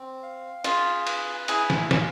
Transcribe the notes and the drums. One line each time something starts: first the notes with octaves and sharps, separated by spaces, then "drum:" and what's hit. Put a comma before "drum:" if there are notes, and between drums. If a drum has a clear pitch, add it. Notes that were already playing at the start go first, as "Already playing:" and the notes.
Already playing: C4
F5
F4 G#4, drum: cymbal
B4, drum: cymbal
E4 G#4, drum: cymbal
drum: snare
F5, drum: snare